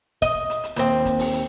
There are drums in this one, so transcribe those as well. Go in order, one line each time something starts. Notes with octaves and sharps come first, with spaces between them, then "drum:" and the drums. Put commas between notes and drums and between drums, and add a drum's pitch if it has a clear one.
D#5, drum: kick, hi-hat
drum: hi-hat
drum: hi-hat
D#2 C4, drum: hi-hat
drum: kick, hi-hat
drum: open hi-hat
drum: hi-hat